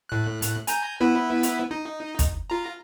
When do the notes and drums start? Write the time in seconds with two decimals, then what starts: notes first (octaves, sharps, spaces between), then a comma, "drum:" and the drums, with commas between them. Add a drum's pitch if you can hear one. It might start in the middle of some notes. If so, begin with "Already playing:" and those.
0.09 A2 F#6
0.42 drum: hi-hat
0.67 G#5 A#5 G6, drum: hi-hat
1.00 B3 E4 B4
1.43 drum: hi-hat
1.71 D#4
2.19 drum: kick, hi-hat
2.50 F4 A#5